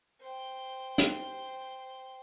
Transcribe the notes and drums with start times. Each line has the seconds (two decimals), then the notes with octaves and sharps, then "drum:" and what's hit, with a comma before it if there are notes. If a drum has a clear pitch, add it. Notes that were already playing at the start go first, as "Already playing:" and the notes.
0.20 C5 G5
0.98 drum: hi-hat